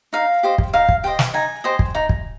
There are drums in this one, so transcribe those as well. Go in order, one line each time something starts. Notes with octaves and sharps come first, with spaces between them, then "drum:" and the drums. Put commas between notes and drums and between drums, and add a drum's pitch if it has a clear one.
D#4 F5
G4 C5 D#5
drum: kick
D#4 F5
drum: kick
G4 C5 D#5 G5
drum: snare
D#4 G#5
G4 C5 D#5
drum: kick
D#4
drum: kick